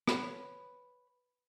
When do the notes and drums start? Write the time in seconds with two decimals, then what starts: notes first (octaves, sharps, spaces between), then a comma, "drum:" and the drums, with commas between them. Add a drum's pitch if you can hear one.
0.07 B4 C#5 B5, drum: rim click